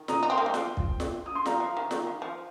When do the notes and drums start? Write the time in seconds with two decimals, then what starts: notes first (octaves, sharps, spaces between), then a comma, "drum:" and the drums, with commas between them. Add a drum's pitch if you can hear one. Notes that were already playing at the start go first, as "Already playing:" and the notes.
Already playing: D#3
0.08 A#5 D#6, drum: snare
0.23 D#4
0.30 C4 G5 C6
0.38 A#3
0.46 G3
0.54 F3, drum: snare
0.77 drum: kick
1.00 drum: snare
1.26 D#6
1.35 C6
1.46 G3 F5 A#5, drum: snare
1.60 F3
1.77 D#3
1.91 D#3, drum: snare
2.07 D#3
2.22 F3